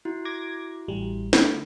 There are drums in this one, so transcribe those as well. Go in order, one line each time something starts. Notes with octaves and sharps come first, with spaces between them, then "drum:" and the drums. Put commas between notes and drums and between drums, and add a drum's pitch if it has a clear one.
E4 F#4
D6 G#6 A#6
A1 G3
D3 A3, drum: snare